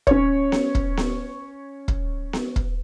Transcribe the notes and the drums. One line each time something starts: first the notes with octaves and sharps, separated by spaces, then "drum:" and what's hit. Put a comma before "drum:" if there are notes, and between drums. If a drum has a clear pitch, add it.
C#4 C#5, drum: kick
drum: snare B3
drum: kick
drum: snare B3
drum: kick
drum: snare B3
drum: kick